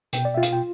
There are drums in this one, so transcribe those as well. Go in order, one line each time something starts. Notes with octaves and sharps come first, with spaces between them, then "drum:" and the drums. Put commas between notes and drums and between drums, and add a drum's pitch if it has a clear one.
B2 G5, drum: hi-hat
D5
F4 E5
F5, drum: hi-hat
G5